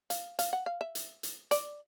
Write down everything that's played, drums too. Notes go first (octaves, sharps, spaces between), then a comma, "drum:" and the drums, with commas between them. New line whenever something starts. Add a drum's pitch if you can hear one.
F5, drum: hi-hat
F5, drum: hi-hat
F#5
F5
E5
drum: hi-hat
drum: hi-hat
D5, drum: hi-hat